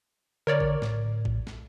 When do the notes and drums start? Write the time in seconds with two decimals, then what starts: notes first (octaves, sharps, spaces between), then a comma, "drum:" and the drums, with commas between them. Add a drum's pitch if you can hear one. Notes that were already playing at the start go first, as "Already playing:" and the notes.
0.47 D3 A#4 C#5 D5
0.60 drum: kick A1
0.82 A2, drum: snare
1.25 drum: kick A1
1.47 drum: snare